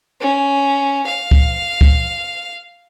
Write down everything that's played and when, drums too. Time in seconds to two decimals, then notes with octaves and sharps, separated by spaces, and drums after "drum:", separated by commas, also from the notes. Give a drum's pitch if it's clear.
0.21 C#4
1.07 F5
1.31 drum: kick C#2
1.81 drum: kick C#2